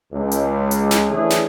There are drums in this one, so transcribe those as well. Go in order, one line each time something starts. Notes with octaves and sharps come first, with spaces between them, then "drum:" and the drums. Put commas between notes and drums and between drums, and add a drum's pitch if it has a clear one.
C#2
drum: hi-hat
drum: hi-hat
drum: snare
E3 A3 C#4 D4 G#4
drum: snare